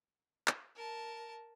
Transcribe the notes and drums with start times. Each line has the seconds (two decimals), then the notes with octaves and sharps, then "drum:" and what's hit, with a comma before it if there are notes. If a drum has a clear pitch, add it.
0.48 drum: clap
0.75 A#4 A5